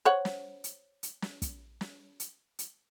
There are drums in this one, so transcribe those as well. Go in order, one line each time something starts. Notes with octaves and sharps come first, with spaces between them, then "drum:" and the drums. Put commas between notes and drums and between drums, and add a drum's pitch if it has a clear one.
C5 C#5 F#5
drum: snare
drum: hi-hat
drum: hi-hat
drum: snare
drum: kick, hi-hat
drum: snare
drum: hi-hat
drum: hi-hat